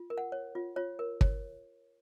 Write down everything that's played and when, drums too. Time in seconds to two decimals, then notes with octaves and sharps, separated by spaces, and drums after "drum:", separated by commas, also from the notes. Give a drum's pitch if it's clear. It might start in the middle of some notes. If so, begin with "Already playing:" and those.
Already playing: F4
0.10 A#4
0.18 F#5
0.32 C#5
0.55 F4
0.76 F4 C#5
0.99 A#4
1.21 C#5, drum: kick